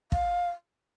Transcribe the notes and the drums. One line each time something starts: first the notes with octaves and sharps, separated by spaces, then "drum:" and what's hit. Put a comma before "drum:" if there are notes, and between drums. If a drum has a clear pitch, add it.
F5, drum: kick